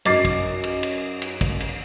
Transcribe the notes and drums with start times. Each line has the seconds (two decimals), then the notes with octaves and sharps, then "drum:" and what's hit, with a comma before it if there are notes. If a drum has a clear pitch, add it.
0.05 F#2 D#5 D6 A6 C7, drum: cymbal
0.25 drum: kick, cymbal
0.63 drum: cymbal
0.83 drum: cymbal
1.22 drum: cymbal
1.41 drum: kick, cymbal
1.60 drum: cymbal